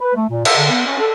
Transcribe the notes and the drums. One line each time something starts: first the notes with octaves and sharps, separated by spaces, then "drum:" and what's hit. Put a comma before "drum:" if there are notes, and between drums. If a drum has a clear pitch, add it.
B4
A3
A#2
E5, drum: cymbal
D3
B3
C#4
A4